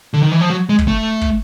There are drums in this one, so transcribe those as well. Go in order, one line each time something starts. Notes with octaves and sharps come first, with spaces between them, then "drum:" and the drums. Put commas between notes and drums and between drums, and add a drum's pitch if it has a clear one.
D3
D#3
E3
F3
F#3
G#3
drum: kick
A3
drum: kick